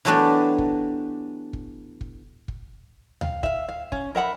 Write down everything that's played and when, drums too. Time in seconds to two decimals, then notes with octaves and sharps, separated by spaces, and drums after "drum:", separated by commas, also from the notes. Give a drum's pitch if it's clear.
0.05 E3 F#3 A3 B3 D4 G4
0.58 drum: kick
1.53 drum: kick
2.01 drum: kick
2.48 drum: kick
3.21 F5, drum: tom D2
3.43 E5 F5, drum: kick
3.68 F5
3.92 C#4, drum: kick
4.15 A#4 E5 F#5 B5